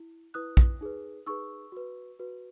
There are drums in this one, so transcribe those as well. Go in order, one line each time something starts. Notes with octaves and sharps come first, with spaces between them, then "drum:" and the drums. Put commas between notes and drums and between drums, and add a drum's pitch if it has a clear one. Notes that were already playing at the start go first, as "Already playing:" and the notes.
Already playing: E4
E4 B4 D#6 F#6
drum: kick A#1
D#4 G#4 B4
D#4 G#4 B4 C#6 E6
F#4 B4
F#4 B4